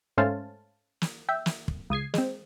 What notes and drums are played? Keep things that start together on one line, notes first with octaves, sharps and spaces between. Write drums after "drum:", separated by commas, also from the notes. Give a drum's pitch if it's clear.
G#2 A3 C#4 C5 F5 A5
drum: snare
E5 G5
drum: snare
drum: kick
C#2 D#6 G#6 C7
G#3 C4, drum: snare